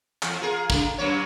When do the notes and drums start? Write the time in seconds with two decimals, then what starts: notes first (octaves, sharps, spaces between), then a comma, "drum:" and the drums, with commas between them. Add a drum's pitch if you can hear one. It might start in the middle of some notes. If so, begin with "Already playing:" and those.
0.23 E2, drum: clap
0.42 F4 G#4 A#4
0.70 C#3 A#4, drum: kick
0.98 F#2 A#3 C#5